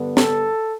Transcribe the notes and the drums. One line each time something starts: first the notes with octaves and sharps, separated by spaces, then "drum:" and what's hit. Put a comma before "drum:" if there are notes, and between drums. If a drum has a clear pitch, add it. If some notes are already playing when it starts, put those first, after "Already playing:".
Already playing: G2 D3 B3
A4, drum: snare